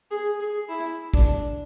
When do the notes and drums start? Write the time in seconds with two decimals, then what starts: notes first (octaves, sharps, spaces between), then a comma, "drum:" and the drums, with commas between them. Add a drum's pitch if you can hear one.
0.11 G#4
0.40 G#4
0.69 E4
1.14 D4, drum: kick